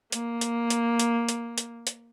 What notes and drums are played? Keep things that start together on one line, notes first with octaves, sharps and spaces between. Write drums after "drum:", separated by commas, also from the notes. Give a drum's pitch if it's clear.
A#3, drum: hi-hat
drum: hi-hat
drum: hi-hat
drum: hi-hat
drum: hi-hat
drum: hi-hat
drum: hi-hat